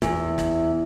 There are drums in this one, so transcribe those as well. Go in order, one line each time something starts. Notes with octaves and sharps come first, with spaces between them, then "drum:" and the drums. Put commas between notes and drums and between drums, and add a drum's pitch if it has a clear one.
E2, drum: snare
drum: snare